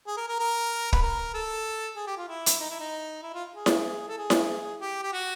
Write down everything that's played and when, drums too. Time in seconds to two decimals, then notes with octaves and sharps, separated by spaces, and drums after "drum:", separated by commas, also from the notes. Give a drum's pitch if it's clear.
0.07 G#4
0.17 A#4
0.28 A#4
0.39 A#4
0.93 B4, drum: kick
1.02 A#4
1.34 A4
1.96 G#4
2.07 G4
2.17 F4
2.28 E4
2.46 drum: hi-hat
2.61 D#4
2.70 E4
2.80 D#4
3.23 E4
3.34 F4
3.55 G#4
3.66 drum: snare E4
4.08 A4
4.17 G#4
4.30 drum: snare E4
4.81 G4
5.03 G4
5.13 F#4